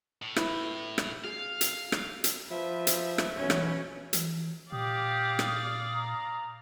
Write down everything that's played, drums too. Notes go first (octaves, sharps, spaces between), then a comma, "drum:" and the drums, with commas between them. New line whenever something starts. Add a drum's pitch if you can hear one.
A2
E4 B4, drum: rim click
drum: rim click
G#4 F5
drum: hi-hat
drum: rim click
drum: hi-hat
F3 B4 E5
drum: hi-hat
drum: rim click
B1 E3 C#4 B4
drum: rim click
E3, drum: hi-hat
A#2 G4 D5 F5 D#6
drum: rim click
A#5